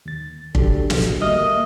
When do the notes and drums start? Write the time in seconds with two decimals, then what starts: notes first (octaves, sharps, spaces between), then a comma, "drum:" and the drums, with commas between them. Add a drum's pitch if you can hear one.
0.06 D#2 A6
0.55 D4 F#4 G4 A4, drum: kick
0.90 drum: snare
1.22 D#2 G3 A#3 D#5 E5 F6